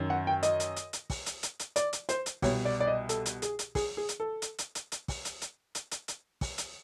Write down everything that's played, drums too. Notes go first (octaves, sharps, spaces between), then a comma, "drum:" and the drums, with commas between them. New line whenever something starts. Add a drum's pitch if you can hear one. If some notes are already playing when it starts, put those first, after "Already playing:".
Already playing: F#2 D#3
F#5
G5
D#5, drum: hi-hat
drum: hi-hat
drum: hi-hat
drum: hi-hat
drum: kick, open hi-hat
drum: hi-hat
drum: hi-hat
drum: hi-hat
D5, drum: hi-hat
drum: hi-hat
C5, drum: hi-hat
drum: hi-hat
C2 B2 C#5, drum: kick, open hi-hat
D5
D5
D#5
A4, drum: hi-hat
drum: hi-hat
G#4, drum: hi-hat
drum: hi-hat
G#4, drum: kick, open hi-hat
G#4
drum: hi-hat
A4
drum: hi-hat
drum: hi-hat
drum: hi-hat
drum: hi-hat
drum: kick, open hi-hat
drum: hi-hat
drum: hi-hat
drum: hi-hat
drum: hi-hat
drum: hi-hat
drum: kick, open hi-hat
drum: hi-hat